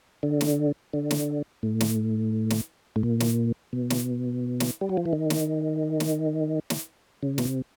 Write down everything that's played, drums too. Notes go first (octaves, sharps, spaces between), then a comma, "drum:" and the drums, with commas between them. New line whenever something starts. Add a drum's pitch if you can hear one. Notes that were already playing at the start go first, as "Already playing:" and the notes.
D3
drum: snare
D3
drum: snare
A2
drum: snare
drum: snare
A2
A#2
drum: snare
B2
drum: snare
drum: snare
G3
F#3
F3
E3
D#3
drum: snare
drum: snare
drum: snare
C#3
B2, drum: snare
C3